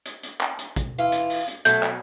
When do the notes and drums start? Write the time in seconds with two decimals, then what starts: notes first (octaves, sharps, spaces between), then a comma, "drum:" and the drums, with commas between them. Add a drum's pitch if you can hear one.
0.05 drum: hi-hat
0.23 drum: hi-hat
0.41 drum: clap
0.59 drum: hi-hat
0.76 drum: kick, hi-hat
0.98 E3 F4 A4
1.12 drum: hi-hat
1.30 drum: open hi-hat
1.48 drum: hi-hat
1.65 B2 F#3 A3 G6, drum: hi-hat
1.83 drum: clap